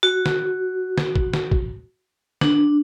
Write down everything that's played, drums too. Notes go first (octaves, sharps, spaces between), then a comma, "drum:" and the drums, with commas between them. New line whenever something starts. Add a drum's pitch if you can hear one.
F#4
drum: snare
drum: snare
drum: kick
drum: snare
drum: kick
D4, drum: snare